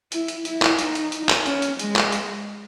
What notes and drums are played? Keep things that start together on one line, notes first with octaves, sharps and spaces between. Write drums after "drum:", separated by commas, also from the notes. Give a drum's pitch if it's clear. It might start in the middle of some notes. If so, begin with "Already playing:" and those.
E4, drum: hi-hat
drum: hi-hat
E4, drum: hi-hat
drum: clap
D#4, drum: hi-hat
drum: hi-hat
drum: hi-hat
drum: clap
C#4, drum: hi-hat
drum: hi-hat
G#3, drum: hi-hat
drum: clap
drum: hi-hat